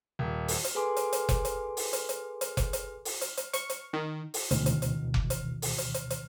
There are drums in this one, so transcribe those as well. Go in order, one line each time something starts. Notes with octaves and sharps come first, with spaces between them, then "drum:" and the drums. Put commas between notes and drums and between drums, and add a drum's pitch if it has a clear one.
D#1
drum: open hi-hat
drum: hi-hat
G#4 A4 B4 G#5 C6 D6
drum: hi-hat
drum: hi-hat
drum: kick F1, hi-hat
drum: hi-hat
drum: open hi-hat
drum: hi-hat
drum: hi-hat
drum: hi-hat
drum: kick F1, hi-hat
drum: hi-hat
drum: open hi-hat
drum: hi-hat
drum: hi-hat
C#6, drum: hi-hat
drum: hi-hat
D#3
drum: open hi-hat
D2 G#2 B2 D#3 E3, drum: hi-hat
drum: hi-hat
drum: hi-hat
drum: kick F1
drum: hi-hat
drum: open hi-hat
drum: hi-hat
drum: hi-hat
drum: hi-hat